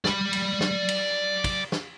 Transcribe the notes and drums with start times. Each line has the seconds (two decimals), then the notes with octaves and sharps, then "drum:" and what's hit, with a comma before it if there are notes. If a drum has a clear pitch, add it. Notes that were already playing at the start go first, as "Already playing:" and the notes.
0.05 D5 B5, drum: snare
0.33 drum: cymbal
0.61 drum: snare
0.89 drum: cymbal
1.44 drum: kick, cymbal
1.72 drum: snare